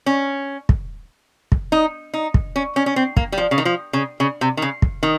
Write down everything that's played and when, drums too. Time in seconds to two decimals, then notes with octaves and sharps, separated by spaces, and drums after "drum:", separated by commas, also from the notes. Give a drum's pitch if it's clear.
0.06 C#4
0.69 drum: kick
1.52 drum: kick
1.72 D#4
2.14 D#4
2.34 drum: kick
2.56 C#4
2.76 C#4
2.86 C#4
2.96 C4
3.17 A#3, drum: kick
3.32 G3
3.38 F3
3.51 C#3
3.58 D#3
3.65 F3
3.93 C#3
4.20 C#3
4.41 C3
4.57 D#3
4.62 C#3
4.82 drum: kick
5.03 D#3